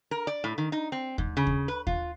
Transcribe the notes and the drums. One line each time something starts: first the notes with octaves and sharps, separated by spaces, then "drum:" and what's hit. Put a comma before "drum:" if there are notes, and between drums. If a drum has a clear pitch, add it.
A#4
D5
A2
D#3
D#4
C4
G#2, drum: kick D#2
C#3
drum: kick D#2
B4
F4, drum: kick D#2